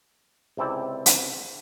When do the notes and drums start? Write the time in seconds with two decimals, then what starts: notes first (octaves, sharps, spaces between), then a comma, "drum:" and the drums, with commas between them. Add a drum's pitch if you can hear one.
0.57 C#2 C3 C4 E4 D5
1.06 drum: hi-hat